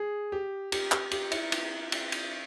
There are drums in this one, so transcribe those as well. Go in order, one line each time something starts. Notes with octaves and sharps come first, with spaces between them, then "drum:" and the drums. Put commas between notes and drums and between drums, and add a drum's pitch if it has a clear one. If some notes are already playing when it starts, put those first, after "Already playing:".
Already playing: G#4
G4
G4, drum: cymbal
G4, drum: clap
G4, drum: cymbal
E4, drum: cymbal
drum: cymbal
drum: cymbal
drum: cymbal